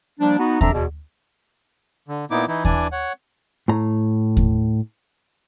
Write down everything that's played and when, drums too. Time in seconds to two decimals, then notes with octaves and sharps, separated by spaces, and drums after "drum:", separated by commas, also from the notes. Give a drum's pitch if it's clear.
0.20 F3 G3 A#3 D4
0.39 B3 D#4 F#4
0.61 F3 C4 D4 A4 E5 A#5, drum: kick D#2
0.73 E2 B2
2.08 D3
2.31 A#2 B3 D#4 E4 D6
2.48 E3 D#4 E4
2.65 E3 D4 D5 G#5, drum: kick D#2
2.92 C#5 F#5
3.68 A2 A#5
4.37 drum: kick D#2